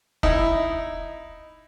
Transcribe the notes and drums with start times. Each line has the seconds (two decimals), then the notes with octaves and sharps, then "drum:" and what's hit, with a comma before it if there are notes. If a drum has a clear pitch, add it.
0.23 D#4 E4, drum: kick